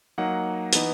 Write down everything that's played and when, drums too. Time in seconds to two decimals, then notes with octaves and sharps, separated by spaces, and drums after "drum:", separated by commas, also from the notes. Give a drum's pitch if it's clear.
0.18 F#3 A#3 D#4 F#5
0.73 E3 B3 D#4, drum: hi-hat